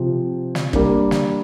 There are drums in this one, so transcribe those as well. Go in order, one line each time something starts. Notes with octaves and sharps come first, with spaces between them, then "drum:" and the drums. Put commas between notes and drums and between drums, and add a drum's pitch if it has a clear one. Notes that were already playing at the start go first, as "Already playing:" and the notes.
Already playing: C3 F3 F4 C5
drum: snare
G3 A#3 D4, drum: kick
drum: snare